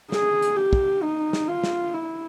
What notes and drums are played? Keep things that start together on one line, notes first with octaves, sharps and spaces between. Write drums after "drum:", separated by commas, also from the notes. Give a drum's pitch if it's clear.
G#4, drum: snare
drum: hi-hat
G4
drum: kick
D#4
drum: snare
F4
drum: snare
E4